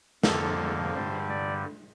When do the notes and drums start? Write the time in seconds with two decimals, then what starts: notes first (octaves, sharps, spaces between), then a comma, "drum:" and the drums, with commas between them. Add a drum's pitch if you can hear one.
0.23 F2 D3 F3 A#3 A4, drum: snare
0.94 G2 D3 G3 C5
1.29 D5